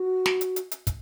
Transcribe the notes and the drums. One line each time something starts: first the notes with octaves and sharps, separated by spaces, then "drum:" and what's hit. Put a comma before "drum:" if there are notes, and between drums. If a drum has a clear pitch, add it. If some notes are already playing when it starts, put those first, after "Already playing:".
Already playing: F#4
drum: snare
drum: hi-hat
drum: hi-hat
drum: hi-hat
drum: kick, hi-hat